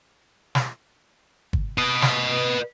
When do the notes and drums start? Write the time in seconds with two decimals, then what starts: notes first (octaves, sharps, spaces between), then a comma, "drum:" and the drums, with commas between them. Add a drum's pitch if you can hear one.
0.55 drum: snare
1.53 drum: kick
1.78 B4 D#5
2.02 drum: snare